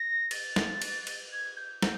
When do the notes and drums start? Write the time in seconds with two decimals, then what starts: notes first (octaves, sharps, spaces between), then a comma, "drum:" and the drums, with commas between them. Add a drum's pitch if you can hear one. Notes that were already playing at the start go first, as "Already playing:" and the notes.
Already playing: A#6
0.31 A6, drum: cymbal
0.56 drum: snare
0.82 drum: cymbal
1.07 drum: cymbal
1.33 G#6
1.57 G6
1.82 drum: snare